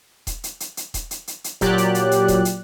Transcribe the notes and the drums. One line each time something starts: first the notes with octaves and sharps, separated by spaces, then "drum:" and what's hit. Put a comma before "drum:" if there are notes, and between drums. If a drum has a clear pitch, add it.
drum: kick D#1, hi-hat
drum: hi-hat
drum: hi-hat
drum: hi-hat
drum: kick D#1, hi-hat
drum: hi-hat
drum: hi-hat
drum: hi-hat
A#2 F#3 G4 D5 F#6, drum: kick D#1, hi-hat
drum: hi-hat
drum: hi-hat
drum: hi-hat
drum: kick D#1, hi-hat
drum: hi-hat